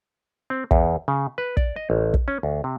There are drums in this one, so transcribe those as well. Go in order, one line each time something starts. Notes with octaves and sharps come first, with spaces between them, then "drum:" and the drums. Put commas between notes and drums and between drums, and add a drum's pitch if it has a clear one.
C4
E2, drum: kick
C#3
B4
D5, drum: kick
D#5
A1
drum: kick
C#4
D2
C3